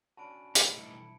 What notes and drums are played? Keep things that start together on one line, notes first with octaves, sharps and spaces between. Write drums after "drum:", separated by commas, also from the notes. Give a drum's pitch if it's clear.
C#4 D4 F#4 A5 B5 D7
E3 A3 D#4, drum: hi-hat
B1 G2 E4 C#7